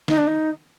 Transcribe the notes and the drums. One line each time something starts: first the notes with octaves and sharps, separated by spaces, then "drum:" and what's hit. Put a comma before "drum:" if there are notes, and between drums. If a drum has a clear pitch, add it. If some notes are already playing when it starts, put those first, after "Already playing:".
D#4, drum: snare
D4
D#4